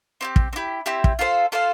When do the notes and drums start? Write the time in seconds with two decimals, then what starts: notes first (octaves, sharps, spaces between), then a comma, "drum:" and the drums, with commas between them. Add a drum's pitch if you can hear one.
0.21 C4 E4 G4
0.36 drum: kick
0.53 C4
0.56 E4 G4
0.86 C4 E4 G4
1.04 drum: kick
1.19 F4 A4 C5 F5
1.52 F4 A4 C5 F5